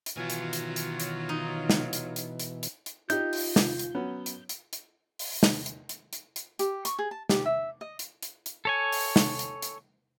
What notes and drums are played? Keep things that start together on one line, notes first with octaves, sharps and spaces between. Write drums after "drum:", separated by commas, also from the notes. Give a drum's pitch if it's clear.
drum: hi-hat
B2 D#3 E3 F#3 F4 G#5
drum: hi-hat
drum: hi-hat
drum: hi-hat
drum: hi-hat
D#4
drum: snare
drum: hi-hat
drum: hi-hat
drum: hi-hat
drum: hi-hat
drum: hi-hat
D#4 F4 G4 G6, drum: hi-hat
drum: open hi-hat
drum: snare
drum: hi-hat
F#3 B3 C#4
drum: hi-hat
drum: hi-hat
drum: hi-hat
drum: open hi-hat
drum: snare
drum: hi-hat
drum: hi-hat
drum: hi-hat
drum: hi-hat
G4, drum: hi-hat
C#6, drum: hi-hat
G#4
A5
G4, drum: snare
E5
D#5
drum: hi-hat
drum: hi-hat
drum: hi-hat
A4 C#5 G#5
drum: open hi-hat
drum: snare
drum: hi-hat
drum: hi-hat